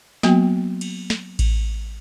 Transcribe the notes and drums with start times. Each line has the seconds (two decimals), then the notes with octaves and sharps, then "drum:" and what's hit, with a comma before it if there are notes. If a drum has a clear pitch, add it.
0.23 F#3 A#3 B3 F#4 G5, drum: snare
0.81 drum: cymbal
1.10 drum: snare
1.39 drum: kick A1, cymbal